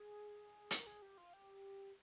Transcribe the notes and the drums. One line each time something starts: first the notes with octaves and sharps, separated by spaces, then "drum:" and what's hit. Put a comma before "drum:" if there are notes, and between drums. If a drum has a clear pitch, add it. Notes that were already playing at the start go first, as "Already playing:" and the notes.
Already playing: G#4
A#4, drum: hi-hat
G#4
G4
F4
G4